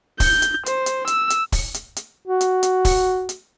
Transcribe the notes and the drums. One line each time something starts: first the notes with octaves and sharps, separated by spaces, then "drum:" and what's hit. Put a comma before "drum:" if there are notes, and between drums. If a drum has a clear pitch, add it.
G6, drum: kick, open hi-hat
drum: hi-hat
C5, drum: hi-hat
drum: hi-hat
E6, drum: hi-hat
drum: hi-hat
drum: kick, open hi-hat
drum: hi-hat
drum: hi-hat
F#4
drum: hi-hat
drum: hi-hat
drum: kick, open hi-hat
drum: hi-hat